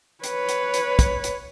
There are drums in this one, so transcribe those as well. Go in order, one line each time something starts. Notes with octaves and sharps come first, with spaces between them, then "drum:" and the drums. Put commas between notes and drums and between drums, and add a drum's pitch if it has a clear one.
B4 C#5, drum: hi-hat
drum: hi-hat
drum: hi-hat
drum: kick, hi-hat
drum: hi-hat